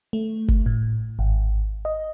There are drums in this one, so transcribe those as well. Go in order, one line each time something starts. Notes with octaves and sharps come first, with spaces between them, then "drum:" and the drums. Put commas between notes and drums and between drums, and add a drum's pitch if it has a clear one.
A3
drum: kick F#1
A2
G#1
D#5